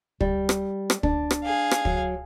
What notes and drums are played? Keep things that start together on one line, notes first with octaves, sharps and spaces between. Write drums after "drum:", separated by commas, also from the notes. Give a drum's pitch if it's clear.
G3, drum: kick
drum: rim click
drum: rim click
D4, drum: kick
drum: rim click
G#4 F5
drum: rim click
F#3, drum: kick